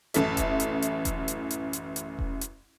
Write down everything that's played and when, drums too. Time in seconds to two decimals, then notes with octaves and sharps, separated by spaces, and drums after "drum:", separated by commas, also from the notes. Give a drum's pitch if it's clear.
0.14 A1 F#2 E4 A4 E5, drum: hi-hat
0.37 drum: kick E1, hi-hat
0.60 drum: hi-hat
0.82 drum: hi-hat
1.05 drum: kick E1, hi-hat
1.28 drum: hi-hat
1.51 drum: hi-hat
1.73 drum: hi-hat
1.96 drum: hi-hat
2.19 drum: kick E1
2.41 drum: hi-hat